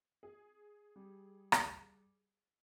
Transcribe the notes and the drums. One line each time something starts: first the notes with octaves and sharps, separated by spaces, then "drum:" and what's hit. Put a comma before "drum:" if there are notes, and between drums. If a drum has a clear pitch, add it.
G#4
G3
drum: rim click